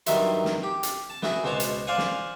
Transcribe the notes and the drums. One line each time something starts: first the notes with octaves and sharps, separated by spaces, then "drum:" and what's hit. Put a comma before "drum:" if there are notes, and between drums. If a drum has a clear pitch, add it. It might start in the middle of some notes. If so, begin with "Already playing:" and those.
G2 D#3 F#3 E4 E5 C6, drum: hi-hat
drum: snare
G4
drum: hi-hat
A5
B3 E4 F#4 G#4, drum: snare
C#2 B2 B3 C5 C#5 A5
drum: hi-hat
C5 D5 F5 F#5 G#5
drum: snare